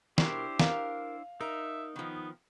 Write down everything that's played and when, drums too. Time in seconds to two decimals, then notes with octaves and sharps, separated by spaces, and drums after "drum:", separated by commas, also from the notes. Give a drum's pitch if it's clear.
0.18 B2 G3 D4 E4 G4 A#4 C5, drum: snare
0.60 A#4 F5, drum: snare
1.41 D#4 A#4 E5
1.96 D#3 F3 B3